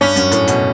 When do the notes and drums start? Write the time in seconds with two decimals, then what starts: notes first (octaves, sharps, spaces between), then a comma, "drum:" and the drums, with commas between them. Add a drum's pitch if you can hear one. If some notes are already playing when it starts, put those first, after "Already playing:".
0.01 G2 C#4
0.16 F#2, drum: hi-hat
0.32 A2, drum: hi-hat
0.47 B2, drum: hi-hat